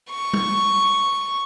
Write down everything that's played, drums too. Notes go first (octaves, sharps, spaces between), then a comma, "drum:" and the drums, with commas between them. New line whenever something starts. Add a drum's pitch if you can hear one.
C#6
drum: tom G3